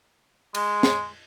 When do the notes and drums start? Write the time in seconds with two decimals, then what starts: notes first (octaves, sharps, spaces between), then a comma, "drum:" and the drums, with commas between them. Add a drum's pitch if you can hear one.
0.55 G#3, drum: cymbal
0.83 drum: snare